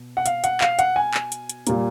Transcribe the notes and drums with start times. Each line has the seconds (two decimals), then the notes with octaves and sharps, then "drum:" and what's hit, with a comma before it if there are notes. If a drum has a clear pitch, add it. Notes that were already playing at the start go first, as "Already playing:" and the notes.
Already playing: B2
0.17 F#5
0.26 F5, drum: hi-hat
0.44 F#5, drum: hi-hat
0.61 F5, drum: clap
0.79 F#5, drum: hi-hat
0.96 G#5
1.14 drum: clap
1.32 drum: hi-hat
1.49 drum: hi-hat
1.67 A#2 G3 A#3, drum: hi-hat